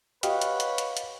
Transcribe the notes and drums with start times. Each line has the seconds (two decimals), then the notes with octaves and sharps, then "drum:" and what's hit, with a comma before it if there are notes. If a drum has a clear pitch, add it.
0.23 G4 B4 C#5 D#5 F5 F#5, drum: hi-hat
0.42 drum: hi-hat
0.60 drum: hi-hat
0.78 drum: hi-hat
0.97 drum: hi-hat